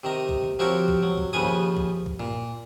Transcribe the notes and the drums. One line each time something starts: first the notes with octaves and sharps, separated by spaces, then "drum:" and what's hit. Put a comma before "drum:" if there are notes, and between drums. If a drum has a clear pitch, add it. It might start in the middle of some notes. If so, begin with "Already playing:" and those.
C3 D#3 A#5
drum: kick
drum: tom D3
F3 C4 F#4 G4 A#4 C#5
drum: kick
F#3
drum: kick
D#2 C#3 F3 B4 G#5 D#6, drum: tom G2
drum: kick
drum: kick
A#2, drum: tom G2